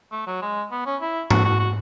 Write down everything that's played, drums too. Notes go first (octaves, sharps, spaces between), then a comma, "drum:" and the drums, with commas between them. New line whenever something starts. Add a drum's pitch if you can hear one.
A3
F#3
G#3
B3
C#4
E4
F#4, drum: tom G#2
F#4
F#4